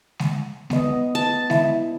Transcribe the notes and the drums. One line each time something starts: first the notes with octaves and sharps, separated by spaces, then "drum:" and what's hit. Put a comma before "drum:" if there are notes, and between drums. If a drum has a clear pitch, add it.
drum: snare G#3
B3 D#5, drum: snare G#3
A5
E4, drum: snare G#3